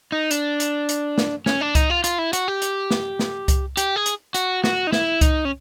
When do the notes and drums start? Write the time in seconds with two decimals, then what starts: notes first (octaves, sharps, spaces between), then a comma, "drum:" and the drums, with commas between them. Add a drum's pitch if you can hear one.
0.12 D#4
0.31 D4, drum: hi-hat
0.60 drum: hi-hat
0.89 drum: hi-hat
1.18 drum: snare
1.46 C#4, drum: snare
1.61 D4
1.75 D#4, drum: kick C2, hi-hat
1.90 F4
2.04 F4, drum: hi-hat
2.18 E4
2.33 F#4, drum: hi-hat
2.48 G4
2.62 drum: hi-hat
2.91 drum: snare
3.19 drum: snare
3.48 drum: kick C2, hi-hat
3.77 G4, drum: hi-hat
3.96 G#4
4.06 drum: hi-hat
4.34 F#4, drum: hi-hat
4.64 F#4, drum: snare
4.87 D#4
4.92 E4, drum: snare
5.21 D#4, drum: kick C2, hi-hat
5.45 C#4